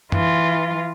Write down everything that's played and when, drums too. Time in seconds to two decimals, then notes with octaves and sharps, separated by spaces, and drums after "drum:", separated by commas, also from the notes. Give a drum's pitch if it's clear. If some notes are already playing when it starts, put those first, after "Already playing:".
0.12 E3 F4, drum: tom